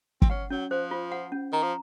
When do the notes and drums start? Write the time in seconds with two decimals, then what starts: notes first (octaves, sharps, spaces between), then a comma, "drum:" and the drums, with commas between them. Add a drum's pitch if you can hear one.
0.22 C4, drum: kick
0.30 C#4 F#5
0.50 F#3 C#4
0.71 F3 C5
0.91 F4
1.12 F#5
1.32 C#4
1.52 D#3 A#5
1.63 F3